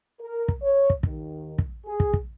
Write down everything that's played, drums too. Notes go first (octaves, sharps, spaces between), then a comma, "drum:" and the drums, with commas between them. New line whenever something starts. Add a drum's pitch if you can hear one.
A#4
drum: kick
C#5
drum: kick
D#2 D#3, drum: kick
drum: kick
G#4
drum: kick
drum: kick